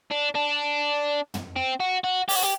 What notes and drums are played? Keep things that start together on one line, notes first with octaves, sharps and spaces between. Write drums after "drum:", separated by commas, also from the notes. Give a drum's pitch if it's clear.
D4
D4
drum: tom
C4
F#4
F#4
G4, drum: open hi-hat
F#4
G4